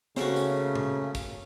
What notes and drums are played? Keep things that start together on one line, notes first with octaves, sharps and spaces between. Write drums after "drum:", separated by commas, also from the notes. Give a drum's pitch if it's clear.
C#3 A3 A#3 C#4 F#4 C5, drum: snare
drum: tambourine
drum: tom A#2
drum: kick, tambourine